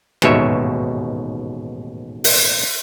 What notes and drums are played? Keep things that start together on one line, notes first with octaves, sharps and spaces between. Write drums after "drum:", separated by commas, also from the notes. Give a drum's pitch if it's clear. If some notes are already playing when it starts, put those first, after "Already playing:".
A1 D#2 G#2 B2 C#5 E5, drum: rim click
drum: open hi-hat